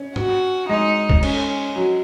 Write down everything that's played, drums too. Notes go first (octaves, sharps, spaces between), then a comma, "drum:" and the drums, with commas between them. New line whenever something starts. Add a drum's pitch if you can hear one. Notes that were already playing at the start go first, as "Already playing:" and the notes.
Already playing: C#4
F#4, drum: tom
G#3 D#4
drum: kick
C#4, drum: cymbal
F#3